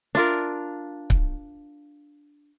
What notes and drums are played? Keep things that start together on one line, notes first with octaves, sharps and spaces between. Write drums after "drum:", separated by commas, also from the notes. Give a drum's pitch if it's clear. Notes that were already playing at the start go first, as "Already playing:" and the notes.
D4 F4 A#4
drum: kick C#1